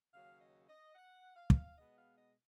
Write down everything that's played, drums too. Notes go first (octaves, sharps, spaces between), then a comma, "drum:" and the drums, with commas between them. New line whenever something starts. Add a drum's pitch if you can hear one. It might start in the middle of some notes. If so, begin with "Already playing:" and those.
D#2 C#3 F#3 C#4 F5
D#5
D#5
F#5
F5
drum: kick
B2 G#3 B3 D#5
F5
D#5